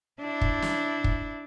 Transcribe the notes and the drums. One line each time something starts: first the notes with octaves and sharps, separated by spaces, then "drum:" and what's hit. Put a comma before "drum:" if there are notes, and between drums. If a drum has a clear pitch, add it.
D4 E4
drum: kick
drum: snare
drum: kick